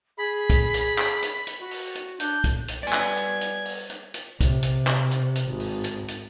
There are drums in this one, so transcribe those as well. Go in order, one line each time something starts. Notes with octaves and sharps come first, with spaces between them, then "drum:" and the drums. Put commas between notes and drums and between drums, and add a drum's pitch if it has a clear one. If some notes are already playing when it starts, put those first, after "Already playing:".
G#4 B5
drum: kick, hi-hat
drum: hi-hat
drum: clap
drum: hi-hat
drum: hi-hat
F#4
drum: open hi-hat
drum: hi-hat
D4 G6, drum: hi-hat
drum: kick, hi-hat
drum: hi-hat
G3 B3 D5 G#5 G#6
drum: clap
drum: hi-hat
drum: hi-hat
drum: open hi-hat
drum: hi-hat
drum: hi-hat
C3, drum: kick, hi-hat
drum: hi-hat
drum: clap
drum: hi-hat
drum: hi-hat
G#1
drum: open hi-hat
drum: hi-hat
drum: hi-hat